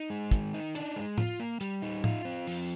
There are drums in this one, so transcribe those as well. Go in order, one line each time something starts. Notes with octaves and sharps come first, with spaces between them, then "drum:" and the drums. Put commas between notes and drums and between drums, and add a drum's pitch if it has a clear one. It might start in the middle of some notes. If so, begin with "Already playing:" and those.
Already playing: D#4
G#3
D#3, drum: kick, hi-hat
D#4
D4, drum: hi-hat
G#3
F4, drum: tom A2
A#3
G3, drum: hi-hat
D#4
F4, drum: tom A2
C4
F3, drum: open hi-hat